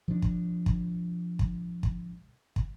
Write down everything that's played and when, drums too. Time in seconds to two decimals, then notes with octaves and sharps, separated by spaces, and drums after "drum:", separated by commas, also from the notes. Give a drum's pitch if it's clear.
0.08 F3 D4
0.22 drum: kick
0.66 drum: kick
1.39 drum: kick
1.83 drum: kick
2.56 drum: kick